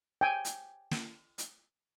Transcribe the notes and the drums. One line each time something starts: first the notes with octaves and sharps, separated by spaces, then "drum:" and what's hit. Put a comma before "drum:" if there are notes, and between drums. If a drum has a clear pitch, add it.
G5 G#5
drum: hi-hat
drum: snare
drum: hi-hat